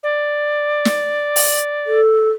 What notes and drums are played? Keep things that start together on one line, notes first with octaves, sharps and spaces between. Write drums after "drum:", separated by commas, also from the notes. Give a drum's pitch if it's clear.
D5
drum: snare
drum: open hi-hat
A4